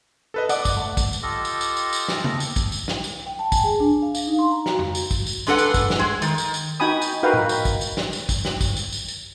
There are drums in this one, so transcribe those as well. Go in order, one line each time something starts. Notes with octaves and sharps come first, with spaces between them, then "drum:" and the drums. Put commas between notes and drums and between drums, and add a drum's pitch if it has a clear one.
A4 B4 D#5
D5 F#5, drum: tambourine
drum: kick, tambourine
A3 A4
drum: kick, tambourine
drum: tambourine
F4 G4 A4 D#5
drum: tambourine
drum: tambourine
drum: tambourine
drum: tambourine
drum: snare
drum: tom C#3
drum: tambourine
drum: kick, tambourine
drum: tambourine
drum: snare
drum: tambourine
G5
A5
G#5, drum: kick, tambourine
G#4
D4
F5
F5, drum: tambourine
D#4
C6
A#5
F#4, drum: snare
drum: tom F2
drum: tambourine
drum: kick, tambourine
drum: tambourine
G#3 D4 G#4 A4 B4 F#5
drum: tambourine
drum: kick, tambourine
drum: snare
G#3
D#3, drum: tambourine
drum: tambourine
drum: tambourine
D#4 F#4 G5 G#5 B5 D#6
drum: tambourine
D#4 F#4 A#4 B4 F5 G5
drum: tom A2
drum: tambourine
drum: kick, tambourine
drum: tambourine
drum: snare
drum: tambourine
drum: kick, tambourine
drum: snare
drum: kick, tambourine
drum: tambourine
drum: tambourine
drum: tambourine